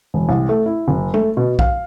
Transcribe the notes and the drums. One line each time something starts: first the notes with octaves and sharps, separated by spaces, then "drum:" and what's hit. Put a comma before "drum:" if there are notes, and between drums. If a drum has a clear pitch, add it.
E1
C2
A3
E4
F#1
A3, drum: tom G#3
B2
F5, drum: kick